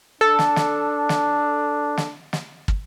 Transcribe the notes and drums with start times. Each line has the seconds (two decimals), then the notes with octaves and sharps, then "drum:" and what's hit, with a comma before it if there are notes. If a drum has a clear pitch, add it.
0.21 D4 A4
0.39 drum: snare
0.56 drum: snare
1.09 drum: snare
1.97 drum: snare
2.33 drum: snare
2.68 drum: kick